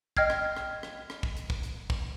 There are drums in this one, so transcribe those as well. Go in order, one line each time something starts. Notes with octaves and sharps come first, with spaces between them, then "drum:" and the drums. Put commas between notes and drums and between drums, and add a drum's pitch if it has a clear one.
D#5 G5 F6 G#6 C7, drum: kick
drum: rim click
drum: rim click
drum: rim click
drum: rim click
drum: kick
drum: hi-hat
drum: kick
drum: hi-hat
drum: kick